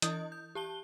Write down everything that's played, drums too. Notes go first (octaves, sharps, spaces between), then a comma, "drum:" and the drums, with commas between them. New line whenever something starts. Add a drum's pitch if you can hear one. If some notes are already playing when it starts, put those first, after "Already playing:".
E3 E4 D#5 D#6 G6, drum: hi-hat
G6
G4 A5 G7